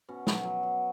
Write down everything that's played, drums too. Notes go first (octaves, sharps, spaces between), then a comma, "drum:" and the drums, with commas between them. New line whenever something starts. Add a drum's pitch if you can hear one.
B2 C#4
F#3, drum: snare
F#3
F#3